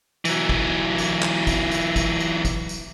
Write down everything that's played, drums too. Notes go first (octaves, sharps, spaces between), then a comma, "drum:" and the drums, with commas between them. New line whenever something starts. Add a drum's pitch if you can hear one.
E3 F#3, drum: tambourine
drum: kick
drum: tambourine
drum: clap
drum: kick, tambourine
drum: tambourine
drum: kick, tambourine
drum: tambourine
drum: kick, tambourine
drum: tambourine